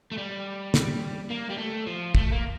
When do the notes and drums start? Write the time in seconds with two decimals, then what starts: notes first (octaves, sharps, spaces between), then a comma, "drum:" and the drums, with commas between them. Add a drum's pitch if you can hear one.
0.11 A3
0.17 G3
0.74 drum: snare
1.30 A#3
1.50 G3
1.58 A3
1.87 F3
2.15 A3, drum: kick
2.32 A#3